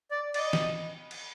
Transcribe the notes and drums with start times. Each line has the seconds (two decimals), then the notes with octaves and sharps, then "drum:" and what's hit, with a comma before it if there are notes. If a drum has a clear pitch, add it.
0.11 D5
0.34 D5, drum: cymbal
0.38 D#5
0.53 drum: snare
1.11 drum: cymbal